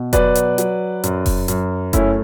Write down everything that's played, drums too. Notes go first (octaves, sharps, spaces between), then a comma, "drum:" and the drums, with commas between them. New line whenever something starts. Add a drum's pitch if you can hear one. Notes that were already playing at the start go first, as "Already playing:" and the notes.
Already playing: B2
F#3 B4 D5, drum: kick F1, hi-hat
drum: hi-hat
F#3, drum: hi-hat
F#2, drum: hi-hat
drum: kick F1, open hi-hat
F#2, drum: hi-hat
A3 C#4 E4, drum: kick F1, hi-hat